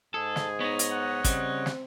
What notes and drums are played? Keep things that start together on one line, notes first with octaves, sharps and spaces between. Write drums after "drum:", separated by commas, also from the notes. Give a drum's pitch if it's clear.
G#2 G#4 A4
drum: snare
B3 D#4 C#5 D#5
drum: hi-hat
F#5
C#3 G3 C4, drum: kick, hi-hat
drum: snare